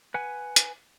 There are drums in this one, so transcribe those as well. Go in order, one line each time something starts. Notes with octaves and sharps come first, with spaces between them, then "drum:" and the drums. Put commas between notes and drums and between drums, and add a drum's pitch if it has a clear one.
B4 F#5 G#5
drum: hi-hat